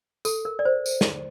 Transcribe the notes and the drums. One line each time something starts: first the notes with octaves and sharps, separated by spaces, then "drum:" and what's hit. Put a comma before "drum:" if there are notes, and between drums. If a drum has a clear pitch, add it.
A4, drum: tambourine
A#4
D5
C5
drum: tambourine
drum: snare